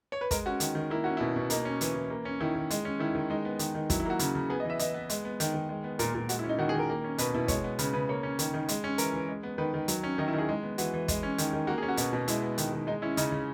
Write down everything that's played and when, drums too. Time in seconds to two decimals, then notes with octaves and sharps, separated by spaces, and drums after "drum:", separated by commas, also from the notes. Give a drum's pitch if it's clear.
0.12 C#5
0.21 B4
0.31 G#3 A#4, drum: kick, hi-hat
0.46 C#4 F#4
0.60 D#3, drum: hi-hat
0.75 D#3
0.90 A#3 E4
1.04 C#4 F#4
1.17 B2 E4
1.36 B2
1.50 A#3 D#4, drum: hi-hat
1.65 C#4
1.81 E3, drum: hi-hat
1.95 E3
2.10 A#3
2.25 C#4
2.41 D#3 E4
2.55 D#3
2.70 G#3, drum: hi-hat
2.85 C#4
3.00 D#3 E4
3.15 D#3
3.30 G#3 D#4
3.45 B3
3.59 D#3, drum: hi-hat
3.75 D#3
3.90 F#3 E4, drum: kick, hi-hat
4.00 E4
4.05 A#3 F#4
4.19 C#3, drum: hi-hat
4.35 C#3
4.50 B3 G#4
4.60 D#5
4.65 E3 E5
4.79 E3 D#5, drum: hi-hat
4.94 B3
5.09 G#3, drum: hi-hat
5.25 B3
5.40 D#3, drum: hi-hat
5.54 D#3
5.69 G#3
5.84 B3
5.99 A#2 A#4, drum: hi-hat
6.15 A#2
6.29 G#3 F#4, drum: hi-hat
6.39 E4
6.44 C#4
6.49 D#4
6.59 D#3 F#4
6.69 G#4
6.74 D#3
6.79 A#4
6.89 A#3
7.04 C#4
7.18 B2 B4, drum: hi-hat
7.34 B2 E4
7.48 G#3 C#5, drum: kick, hi-hat
7.64 B3
7.79 C#3 B4, drum: hi-hat
7.93 C#3 B4
8.09 A#3 C#5
8.23 C#4
8.39 D#3, drum: hi-hat
8.54 D#3
8.68 G#3, drum: hi-hat
8.84 C#4
8.98 E3 A#4, drum: hi-hat
9.13 E3
9.29 G#3
9.43 B3
9.58 D#3 B4
9.74 D#3
9.88 F#3, drum: hi-hat
10.03 C#4
10.18 D#3 D#5
10.28 E4
10.34 D#3 G#4
10.49 G#3
10.63 B3
10.78 E3 F#4, drum: hi-hat
10.94 E3
11.08 G#3, drum: kick, hi-hat
11.23 C#4
11.38 D#3, drum: hi-hat
11.53 D#3
11.67 A#3 F#4
11.78 G#4
11.82 C#4
11.88 F#4
11.97 B2, drum: hi-hat
12.13 B2
12.28 G#3 E4, drum: hi-hat
12.42 B3
12.58 D#3, drum: hi-hat
12.72 D#3
12.87 G#3 D#4
13.02 C#4 E4
13.17 C#3 D#4, drum: hi-hat
13.32 C#3